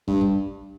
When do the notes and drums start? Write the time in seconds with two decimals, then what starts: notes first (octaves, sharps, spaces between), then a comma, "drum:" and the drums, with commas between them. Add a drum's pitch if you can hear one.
0.08 G2, drum: kick
0.21 drum: kick